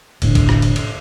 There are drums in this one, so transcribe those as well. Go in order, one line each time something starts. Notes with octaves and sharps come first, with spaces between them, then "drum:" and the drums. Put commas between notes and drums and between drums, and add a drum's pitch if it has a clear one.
F1 A2 D3, drum: cymbal
drum: kick, cymbal
drum: rim click
drum: cymbal
drum: cymbal